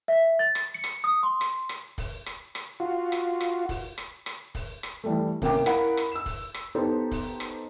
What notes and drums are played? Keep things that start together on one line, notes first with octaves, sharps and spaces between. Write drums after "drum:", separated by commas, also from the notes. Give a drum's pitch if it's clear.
E5
A6
drum: rim click
C#7
drum: rim click
D#6
C6
drum: rim click
drum: rim click
drum: kick, open hi-hat
drum: rim click
drum: rim click
F4 F#4
drum: rim click
drum: rim click
drum: kick, open hi-hat
drum: rim click
drum: rim click
drum: kick, open hi-hat
drum: rim click
E3 G3 A3
C3 A#3 C#4 G5 D6, drum: kick, open hi-hat
E4 A#4 F5 F#5 B5, drum: rim click
drum: rim click
E6 E7
drum: kick, open hi-hat
drum: rim click
B3 D#4 G4 A4 C5
drum: kick, open hi-hat
drum: rim click